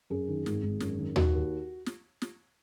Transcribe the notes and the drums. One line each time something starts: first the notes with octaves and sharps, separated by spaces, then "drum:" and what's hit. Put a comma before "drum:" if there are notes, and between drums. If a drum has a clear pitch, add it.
F#2 G#4
D#3
G#1, drum: snare
G#1
F#2, drum: snare
D#3
D#2 F#4, drum: tom D#2
D#2
drum: snare
drum: snare